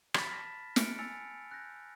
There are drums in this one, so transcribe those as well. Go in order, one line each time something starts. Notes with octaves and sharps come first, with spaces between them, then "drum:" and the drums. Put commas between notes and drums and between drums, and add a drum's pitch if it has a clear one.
B5 F6 A6 B6, drum: rim click
A5 A#6 E7
F6 F#6 C#7 D7, drum: snare
G#5 E6 A6 C#7 F7
F#6 G6 A#6